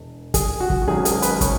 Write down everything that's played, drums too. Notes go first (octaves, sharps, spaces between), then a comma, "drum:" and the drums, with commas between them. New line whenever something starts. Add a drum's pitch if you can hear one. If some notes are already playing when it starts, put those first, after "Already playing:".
Already playing: E1 E2
G#4, drum: kick, hi-hat
F#4
drum: kick
F#4
G#1 G#2 F#3 C#4 G#4
G#4, drum: hi-hat
B4, drum: hi-hat
C#5, drum: kick, hi-hat